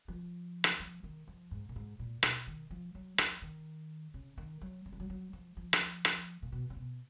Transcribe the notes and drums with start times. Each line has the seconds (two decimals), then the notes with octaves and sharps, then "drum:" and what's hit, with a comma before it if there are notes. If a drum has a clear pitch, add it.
0.08 F3
0.64 drum: rim click
0.80 F3
1.03 D#3
1.28 F3
1.51 G#2
1.69 A#2
1.76 G#2
1.99 A#2
2.23 B2, drum: rim click
2.47 D#3
2.70 F3
2.95 F#3
3.18 F3, drum: rim click
3.42 D#3
4.14 C#3
4.38 D#3
4.61 F#3
4.86 F#3
4.93 F3
5.00 F#3
5.10 F#3
5.33 F3
5.57 F3
5.73 drum: rim click
6.05 drum: rim click
6.42 A#2
6.52 B2
6.70 C#3
6.77 B2